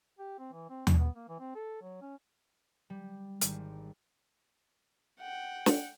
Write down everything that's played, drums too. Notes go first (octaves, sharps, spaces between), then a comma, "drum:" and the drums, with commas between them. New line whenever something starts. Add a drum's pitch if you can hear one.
G4
C4
E3
C4
D4, drum: tom D#2
B3
A#3
E3
C4
A4
F#3
C#4
G3
G#1 G3, drum: hi-hat
F#5 G5
drum: snare